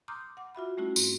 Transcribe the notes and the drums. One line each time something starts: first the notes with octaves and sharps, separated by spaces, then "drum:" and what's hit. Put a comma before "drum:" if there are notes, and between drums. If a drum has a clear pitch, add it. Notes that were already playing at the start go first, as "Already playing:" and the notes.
A#5 C6 D6 D#6 F6 G6
F#5 D6
F4 F#4 E5 B5
G3 A3 C#4 E4 F#4
G#2 C4, drum: tambourine